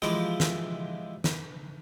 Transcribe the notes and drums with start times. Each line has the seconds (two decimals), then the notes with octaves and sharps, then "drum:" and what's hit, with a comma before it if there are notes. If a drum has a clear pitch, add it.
0.02 E3 F3 G#3 E4 G4 C5, drum: rim click
0.40 drum: snare
1.24 drum: snare